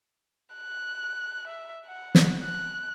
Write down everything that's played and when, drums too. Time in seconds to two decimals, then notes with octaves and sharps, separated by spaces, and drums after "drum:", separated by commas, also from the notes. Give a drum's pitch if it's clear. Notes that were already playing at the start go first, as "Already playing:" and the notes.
0.56 F#6
1.48 E5
1.87 F#5
2.15 drum: snare
2.43 F#6